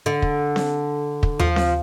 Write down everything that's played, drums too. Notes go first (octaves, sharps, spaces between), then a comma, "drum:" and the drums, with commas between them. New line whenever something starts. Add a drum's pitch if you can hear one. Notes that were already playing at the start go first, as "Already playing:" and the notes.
D3
drum: kick
drum: snare C4
drum: kick
F3, drum: tom D#2
drum: snare C4